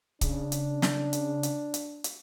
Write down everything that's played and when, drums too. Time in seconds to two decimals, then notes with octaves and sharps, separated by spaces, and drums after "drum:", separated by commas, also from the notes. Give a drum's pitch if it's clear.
0.21 C#3 D4, drum: kick C#1, hi-hat
0.52 drum: hi-hat
0.82 drum: snare
1.13 drum: hi-hat
1.43 drum: hi-hat
1.74 drum: hi-hat
2.04 drum: hi-hat